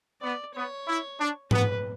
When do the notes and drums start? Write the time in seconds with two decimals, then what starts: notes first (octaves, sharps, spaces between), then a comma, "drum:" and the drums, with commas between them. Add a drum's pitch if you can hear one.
0.22 B3 D5
0.55 B3 C#5
0.87 E4
1.19 D4
1.51 B3 B4, drum: tom G#2